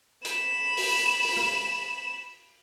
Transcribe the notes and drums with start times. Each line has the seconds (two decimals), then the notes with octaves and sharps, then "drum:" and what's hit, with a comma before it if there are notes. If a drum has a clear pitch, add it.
0.25 B5 E7, drum: hi-hat
0.77 drum: open hi-hat
1.23 drum: open hi-hat
1.37 drum: rim click